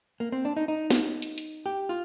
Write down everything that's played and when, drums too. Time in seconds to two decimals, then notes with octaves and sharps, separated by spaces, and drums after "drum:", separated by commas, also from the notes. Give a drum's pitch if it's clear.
0.20 A#3
0.32 C4
0.45 D4
0.57 D#4
0.68 D#4
0.90 drum: snare
1.22 drum: hi-hat
1.38 drum: hi-hat
1.66 G4
1.89 F4